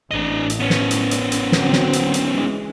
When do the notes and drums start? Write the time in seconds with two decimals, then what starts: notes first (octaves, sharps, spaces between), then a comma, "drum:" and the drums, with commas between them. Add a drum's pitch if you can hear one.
0.11 A1 D4 D#5
0.50 drum: hi-hat
0.60 B3 C#4
0.70 drum: snare
0.91 drum: hi-hat
1.11 drum: hi-hat
1.32 drum: hi-hat
1.52 D3 F#3 C4, drum: snare
1.73 drum: snare
1.93 drum: hi-hat
2.14 drum: hi-hat
2.31 E3 G#3